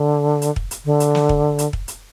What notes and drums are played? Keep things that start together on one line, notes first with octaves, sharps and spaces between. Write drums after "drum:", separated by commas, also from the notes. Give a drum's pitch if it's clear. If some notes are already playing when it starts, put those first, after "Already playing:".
Already playing: D3
drum: hi-hat
drum: kick
drum: hi-hat
D3
drum: hi-hat
drum: snare
drum: kick
drum: hi-hat
drum: kick
drum: hi-hat